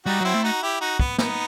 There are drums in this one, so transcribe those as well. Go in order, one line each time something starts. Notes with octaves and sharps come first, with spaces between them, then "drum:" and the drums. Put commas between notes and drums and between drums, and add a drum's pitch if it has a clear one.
G3 D#4 F#4
F#3 C4 E4
A3
D#4 F#4
E4 G4
D#4 F#4
B3, drum: kick
B3 D#4, drum: snare